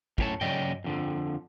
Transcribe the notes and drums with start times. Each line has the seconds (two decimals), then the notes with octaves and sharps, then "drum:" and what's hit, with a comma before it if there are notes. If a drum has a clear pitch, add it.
0.18 F#2 A2 G4 C#5 A5, drum: kick
0.41 C#3 F#3 D5 D#5 G5, drum: tom G2
0.84 F2 D3 F3